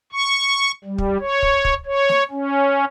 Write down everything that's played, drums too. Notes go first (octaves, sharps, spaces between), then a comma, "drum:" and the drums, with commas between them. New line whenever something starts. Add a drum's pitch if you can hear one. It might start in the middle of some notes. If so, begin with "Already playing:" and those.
C#6
G3
drum: kick
C#5
drum: kick
drum: kick
C#5
drum: snare
C#4